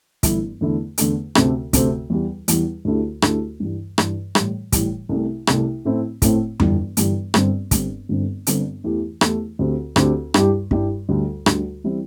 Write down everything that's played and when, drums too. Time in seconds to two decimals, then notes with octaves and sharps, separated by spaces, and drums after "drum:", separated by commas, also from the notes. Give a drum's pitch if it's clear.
0.23 G1 G2 E3 A3 E4, drum: kick, hi-hat
0.61 E2 D3 A3 E4
0.98 E2 D3 A3 E4, drum: hi-hat
1.35 D2 C3 A3 C4, drum: rim click
1.73 D2 C3 A3 C4, drum: kick, hi-hat
2.10 E2 E3 G3
2.48 E2 E3 G3, drum: hi-hat
2.85 D2 D3 A3 E4 G4
3.22 D2 D3 A3 E4 G4, drum: rim click
3.60 G2 E3 G3
3.98 G2 E3 G3, drum: rim click
4.35 A2 E3 G3, drum: rim click
4.72 A2 E3 G3, drum: kick, hi-hat
5.09 C2 C3 A3
5.47 C2 C3 A3, drum: rim click
5.85 A2 A3 C4 E4
6.22 A2 A3 C4 E4, drum: kick, hi-hat
6.60 G1 G2 E3 G3, drum: tom F2
6.97 G1 G2 E3 G3, drum: hi-hat
7.34 G1 G2 G3 C4, drum: rim click
7.71 G1 G2 G3 C4, drum: kick, hi-hat
8.09 G1 G2 D3 C4
8.47 G1 G2 D3 C4, drum: hi-hat
8.84 E2 E3 A3 E4 G4
9.21 E2 E3 A3 E4 G4, drum: rim click
9.59 D2 D3 C4 G4
9.96 D2 D3 C4 G4, drum: rim click
10.34 G2 G3 E4 G4, drum: rim click
10.71 G2 G3 E4 G4, drum: kick
11.09 D2 D3 G3
11.46 D2 D3 G3, drum: rim click
11.84 E3 G3 C4 E4